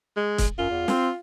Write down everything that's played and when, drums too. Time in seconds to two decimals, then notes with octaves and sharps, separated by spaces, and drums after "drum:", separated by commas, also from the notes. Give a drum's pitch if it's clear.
0.17 G#3
0.38 drum: kick, hi-hat
0.59 F#2 F4
0.70 E2
0.88 C4, drum: snare